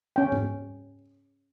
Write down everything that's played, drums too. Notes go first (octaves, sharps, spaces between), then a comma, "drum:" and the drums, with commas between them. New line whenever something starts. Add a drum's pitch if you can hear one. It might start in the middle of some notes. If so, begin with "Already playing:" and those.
C#4 G5
drum: tom